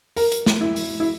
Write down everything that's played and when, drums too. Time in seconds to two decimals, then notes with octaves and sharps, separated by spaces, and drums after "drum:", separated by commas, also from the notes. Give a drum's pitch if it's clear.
0.16 A#4, drum: open hi-hat
0.32 drum: hi-hat
0.46 drum: snare
0.61 E4
0.76 drum: open hi-hat
1.00 E4